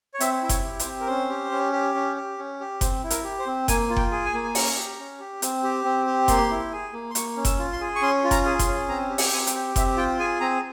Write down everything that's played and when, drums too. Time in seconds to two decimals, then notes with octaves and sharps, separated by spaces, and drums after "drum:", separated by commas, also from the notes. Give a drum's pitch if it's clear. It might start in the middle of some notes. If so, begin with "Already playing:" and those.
0.14 C#5
0.20 C4 E5, drum: hi-hat
0.43 E4 E5
0.49 C#5, drum: kick F#1, hi-hat
0.64 G4
0.79 C5, drum: hi-hat
0.86 C4
1.00 A#4
1.07 C#4 C5
1.30 G4
1.52 C#4
1.72 G4
1.95 C#4
2.16 G4
2.38 C#4
2.60 G4
2.81 C4 C5, drum: kick F#1, hi-hat
3.03 E4
3.10 A#4, drum: hi-hat
3.24 G4
3.39 C5
3.47 C4
3.68 A#3 G#5, drum: kick F#1, hi-hat
3.90 F4
3.96 G5, drum: kick F#1
4.11 G#4
4.26 G#5
4.34 A#3
4.43 G#5
4.55 C#4 A#5, drum: open hi-hat
4.76 G4
4.99 C#4
5.20 G4
5.42 C4, drum: hi-hat
5.63 G4
5.84 C4
6.06 G4
6.28 A#3 C6, drum: kick F#1, hi-hat
6.51 E4
6.72 G#4
6.93 A#3
7.10 C6
7.15 A#3 C#6, drum: hi-hat
7.36 C#4
7.45 E6, drum: kick F#1, hi-hat
7.59 F4
7.73 C6
7.81 G#4
7.96 C#6
8.02 C#4 C6
8.24 F4
8.31 A#5, drum: kick F#1, hi-hat
8.45 G#4
8.59 C6, drum: kick F#1, hi-hat
8.67 C#4
8.89 C4 A#5
9.10 G4
9.18 G#5, drum: open hi-hat
9.26 G5
9.32 C4 G#5
9.47 G5, drum: hi-hat
9.54 G4
9.76 C4 E5, drum: kick F#1, hi-hat
9.97 F4 G5
10.19 G#4 G#5
10.40 C4 A#5